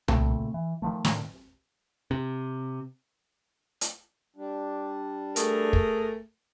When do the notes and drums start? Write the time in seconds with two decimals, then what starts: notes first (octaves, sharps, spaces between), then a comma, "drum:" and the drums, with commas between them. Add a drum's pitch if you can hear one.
0.08 A#2 C#3 A3 C4, drum: tom C2
0.54 E3
0.82 D#3 F3 A3
1.05 A2 D3 D#3, drum: snare
2.11 C3
3.81 drum: hi-hat
4.36 G3 D4
5.36 A3 G#4 A#4, drum: hi-hat
5.73 drum: kick